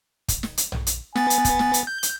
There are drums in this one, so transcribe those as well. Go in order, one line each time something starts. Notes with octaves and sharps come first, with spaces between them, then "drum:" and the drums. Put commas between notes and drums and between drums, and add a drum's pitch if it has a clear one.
drum: kick, hi-hat
drum: snare
drum: hi-hat
drum: tom A#1
drum: hi-hat
B3 G#5 A6, drum: snare
drum: hi-hat
drum: kick, hi-hat
drum: snare
drum: hi-hat
G6
drum: hi-hat